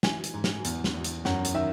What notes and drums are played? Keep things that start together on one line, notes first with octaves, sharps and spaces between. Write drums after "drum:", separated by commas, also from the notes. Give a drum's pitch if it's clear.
E3 G#5, drum: snare
drum: hi-hat
G#2
drum: snare
E2, drum: hi-hat
drum: snare
E2
drum: hi-hat
F#2 F#5, drum: snare
drum: hi-hat
D#3 E5